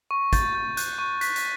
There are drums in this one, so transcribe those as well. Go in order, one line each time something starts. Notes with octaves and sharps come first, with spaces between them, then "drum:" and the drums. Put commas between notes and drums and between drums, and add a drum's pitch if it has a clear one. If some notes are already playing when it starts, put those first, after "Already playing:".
C#6
G6 A6, drum: kick, hi-hat
G6
F#6 G6, drum: hi-hat
C#6
F#6 B6, drum: hi-hat
B6, drum: hi-hat